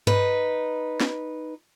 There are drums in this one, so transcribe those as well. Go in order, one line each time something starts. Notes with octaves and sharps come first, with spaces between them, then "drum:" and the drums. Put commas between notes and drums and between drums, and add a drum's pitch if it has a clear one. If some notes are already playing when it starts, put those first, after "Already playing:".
D#4 B4, drum: tom G2
drum: snare